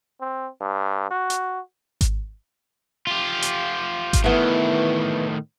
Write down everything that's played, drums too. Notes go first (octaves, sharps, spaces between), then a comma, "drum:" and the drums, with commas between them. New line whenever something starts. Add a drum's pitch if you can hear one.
C4
G2
F#4
drum: hi-hat
drum: kick G#1, hi-hat
F4 G4
drum: hi-hat
drum: kick G#1, hi-hat
A2 D#3 E3 B3